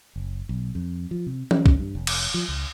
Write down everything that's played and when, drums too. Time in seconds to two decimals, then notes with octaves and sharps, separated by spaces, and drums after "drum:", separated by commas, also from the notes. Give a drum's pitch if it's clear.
0.16 F#1
0.49 B1
0.75 F2
1.11 F3
1.27 C3
1.51 C#4, drum: tom E3
1.66 drum: kick B1
1.79 G2
1.95 F1
2.07 drum: cymbal
2.34 F3
2.49 C#2